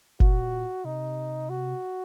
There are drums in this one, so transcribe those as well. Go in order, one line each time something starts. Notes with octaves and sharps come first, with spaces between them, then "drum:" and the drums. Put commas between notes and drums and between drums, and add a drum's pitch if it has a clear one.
A#2 F#4, drum: kick
C3 D#4
F#4